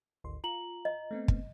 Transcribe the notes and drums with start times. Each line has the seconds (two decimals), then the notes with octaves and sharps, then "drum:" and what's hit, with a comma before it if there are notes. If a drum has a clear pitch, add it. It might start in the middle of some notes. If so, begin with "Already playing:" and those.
0.24 G#1 D2 C6
0.44 F4 A#5 F#7
0.85 D#5
1.11 A3 B3 C4
1.28 drum: kick